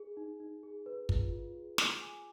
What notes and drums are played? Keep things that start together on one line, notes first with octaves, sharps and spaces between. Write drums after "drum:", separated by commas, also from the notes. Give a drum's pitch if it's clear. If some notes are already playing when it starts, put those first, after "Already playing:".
Already playing: G#4
D#4
D#4
G#4
B4
F4, drum: kick
F4
G#4
D6, drum: snare
G#5